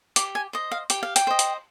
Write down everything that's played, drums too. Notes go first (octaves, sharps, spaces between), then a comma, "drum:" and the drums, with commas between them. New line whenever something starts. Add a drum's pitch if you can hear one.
G4 D6, drum: hi-hat
G#5
C5 D#5
F5
G4 G5, drum: hi-hat
F5
G5, drum: hi-hat
C5 D#5
drum: hi-hat